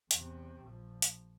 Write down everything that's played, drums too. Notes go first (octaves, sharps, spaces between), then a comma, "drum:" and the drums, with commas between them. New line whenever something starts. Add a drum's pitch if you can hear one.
E2 C3, drum: hi-hat
A#1 F3
drum: hi-hat